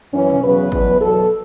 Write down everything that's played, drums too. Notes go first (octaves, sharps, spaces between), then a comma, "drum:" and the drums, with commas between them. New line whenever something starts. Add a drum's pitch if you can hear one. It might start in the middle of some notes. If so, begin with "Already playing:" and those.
F#2 E3 C#4
drum: tom B2
E2 C#3 F#3 B4
E2 B2 F#3, drum: kick
E2 B2 F#3 A4